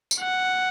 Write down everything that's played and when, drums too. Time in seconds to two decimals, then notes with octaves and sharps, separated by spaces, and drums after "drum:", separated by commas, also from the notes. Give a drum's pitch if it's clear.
0.11 drum: tambourine
0.21 F#5